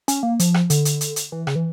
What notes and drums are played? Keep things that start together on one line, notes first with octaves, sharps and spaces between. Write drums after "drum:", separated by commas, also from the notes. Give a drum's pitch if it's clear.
C#4, drum: hi-hat
A#3
F3, drum: hi-hat
drum: rim click
D3, drum: hi-hat
drum: hi-hat
drum: hi-hat
drum: hi-hat
E3
C#3, drum: rim click
E3